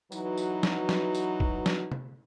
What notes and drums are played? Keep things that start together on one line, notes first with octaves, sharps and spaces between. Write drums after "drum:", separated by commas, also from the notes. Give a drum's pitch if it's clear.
E3 F#3 D#4 F#4 B4, drum: tambourine
drum: tambourine
drum: snare
drum: snare
drum: tambourine
drum: kick
drum: snare
drum: tom C3